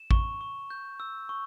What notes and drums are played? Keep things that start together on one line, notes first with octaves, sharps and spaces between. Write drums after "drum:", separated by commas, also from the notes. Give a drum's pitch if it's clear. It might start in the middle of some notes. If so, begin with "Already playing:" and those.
Already playing: E7
C#6, drum: kick A1
C#6
G6
E6
C#6